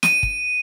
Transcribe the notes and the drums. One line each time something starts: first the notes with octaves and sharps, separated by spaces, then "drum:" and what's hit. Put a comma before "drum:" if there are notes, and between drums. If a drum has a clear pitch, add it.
D#7, drum: snare
drum: kick